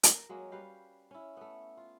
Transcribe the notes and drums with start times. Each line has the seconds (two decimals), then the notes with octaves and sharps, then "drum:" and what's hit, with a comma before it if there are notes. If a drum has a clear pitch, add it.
0.03 A#4, drum: hi-hat
0.29 F#3 G#3 A#3 C#4
0.52 G3 B4 F5 G5
1.11 C#4 E4
1.37 A3 B3
1.77 F4